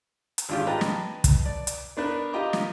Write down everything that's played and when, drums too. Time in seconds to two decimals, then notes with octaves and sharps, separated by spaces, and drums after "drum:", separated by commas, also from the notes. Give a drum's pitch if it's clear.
0.38 drum: hi-hat
0.49 G#1 D4 F4 G4
0.67 B4 D#5 G5 A5 A#5
0.81 drum: snare
1.24 drum: kick, hi-hat
1.46 D5
1.67 drum: hi-hat
1.97 B3 D4 A#4 B4
2.33 F4 G4 D#5 A#5 D6
2.53 drum: snare